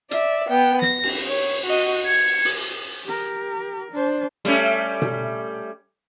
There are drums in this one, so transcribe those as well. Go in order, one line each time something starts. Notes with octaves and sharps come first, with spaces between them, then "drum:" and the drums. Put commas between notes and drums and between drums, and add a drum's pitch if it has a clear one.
D5 E5, drum: hi-hat
B3 G5
A#6, drum: snare
drum: cymbal
C#5
F#4 D#5
G#6 C#7
drum: open hi-hat
G4 A#4
D4 C5
G3 A3 C#4, drum: hi-hat
drum: tom B2